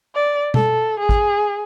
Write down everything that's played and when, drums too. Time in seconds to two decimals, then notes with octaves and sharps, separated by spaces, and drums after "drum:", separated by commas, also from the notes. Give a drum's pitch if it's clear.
0.15 D5
0.54 A4, drum: tom B2
1.00 G#4
1.09 drum: kick